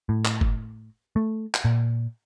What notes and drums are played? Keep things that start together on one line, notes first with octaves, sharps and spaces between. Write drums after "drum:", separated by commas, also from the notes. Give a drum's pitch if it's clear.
A2
drum: clap
drum: kick
A3
drum: clap
A#2